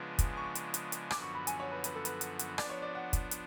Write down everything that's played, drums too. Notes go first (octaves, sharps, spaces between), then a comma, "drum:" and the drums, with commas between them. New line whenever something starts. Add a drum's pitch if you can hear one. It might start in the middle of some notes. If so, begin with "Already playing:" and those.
Already playing: C#3 F3 G#3 B3 D4
drum: kick, hi-hat
C#6
drum: hi-hat
drum: hi-hat
drum: hi-hat
F#2 D3 F3 B3 F#4 D6, drum: rim click
C#6
B5
G#5, drum: hi-hat
C#5
B4
B4, drum: hi-hat
A4
B4, drum: hi-hat
drum: hi-hat
drum: hi-hat
F3 B3 D4 D5, drum: rim click
C#5
D5
F#5
drum: kick, hi-hat
drum: hi-hat